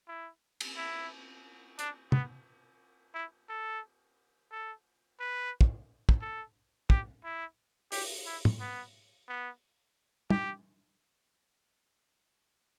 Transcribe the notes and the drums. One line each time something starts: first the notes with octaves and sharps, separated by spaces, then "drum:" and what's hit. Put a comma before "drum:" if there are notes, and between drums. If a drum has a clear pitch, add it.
E4
drum: cymbal
E4
D4, drum: hi-hat
B3, drum: tom
E4
A4
A4
B4
drum: kick
drum: kick
A4
G4, drum: kick
E4
G4, drum: open hi-hat
E4
drum: tom
B3
B3
G4, drum: tom